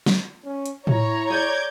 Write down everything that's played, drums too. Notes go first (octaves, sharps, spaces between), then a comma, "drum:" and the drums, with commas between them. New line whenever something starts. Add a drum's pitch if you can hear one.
drum: snare
C#4
drum: hi-hat
E4 C#5 A#5, drum: tom A2
G#4 D5 D6 G6 G#6